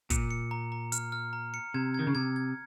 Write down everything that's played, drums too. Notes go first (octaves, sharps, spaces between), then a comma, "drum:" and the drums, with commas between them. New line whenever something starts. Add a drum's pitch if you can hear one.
A#2 C#7, drum: kick, hi-hat
C#7
A#5
A#5
F6, drum: hi-hat
F6
A#5
C#7
C3 G#6
D#3 G#6
C#3
C3 G#6
G#6